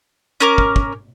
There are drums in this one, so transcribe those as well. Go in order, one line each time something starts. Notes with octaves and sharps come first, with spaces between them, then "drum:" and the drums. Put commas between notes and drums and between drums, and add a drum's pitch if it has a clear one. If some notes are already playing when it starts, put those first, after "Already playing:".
C#4 A#4 D6
drum: kick
drum: kick